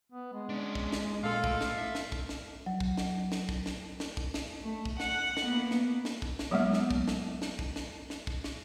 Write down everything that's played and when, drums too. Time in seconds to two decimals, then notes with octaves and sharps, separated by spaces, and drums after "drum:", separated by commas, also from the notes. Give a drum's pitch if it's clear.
0.12 B3
0.33 G#3
0.49 C#4 D4
0.75 drum: kick
0.92 drum: snare
1.23 A#2 F4 A4 F5
1.44 A2, drum: kick
1.61 drum: snare
1.78 E5
1.95 drum: snare
2.12 drum: kick
2.29 drum: snare
2.66 F#3
2.80 drum: kick
2.98 drum: snare
3.32 drum: snare
3.49 drum: kick
3.66 drum: snare
4.00 drum: snare
4.17 drum: kick
4.34 drum: snare
4.62 A3
4.85 drum: kick
5.00 F#5, drum: snare
5.37 drum: snare
5.46 A#3 B3
5.71 drum: snare
6.05 drum: snare
6.22 drum: kick
6.39 drum: snare
6.51 F#3 G#3 A#3 B3 E5
6.73 drum: snare
6.91 drum: kick
7.08 drum: snare
7.42 drum: snare
7.59 drum: kick
7.76 drum: snare
8.10 drum: snare
8.27 drum: kick
8.44 drum: snare